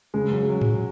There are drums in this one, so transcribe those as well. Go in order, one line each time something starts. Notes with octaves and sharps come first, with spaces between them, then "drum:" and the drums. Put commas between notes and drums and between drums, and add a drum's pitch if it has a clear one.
C#3 G#3
F#3
F#3
drum: tom G#2